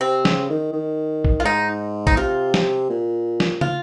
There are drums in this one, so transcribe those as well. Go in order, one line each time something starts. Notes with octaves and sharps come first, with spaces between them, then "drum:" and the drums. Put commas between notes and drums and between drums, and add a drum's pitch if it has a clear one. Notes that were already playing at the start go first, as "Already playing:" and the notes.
C3 C4
C#3, drum: snare
D#3
D#3
drum: kick
F4
G#2 D#4
D#4, drum: kick
C3 F4
drum: snare
A#2
drum: snare
F4, drum: tom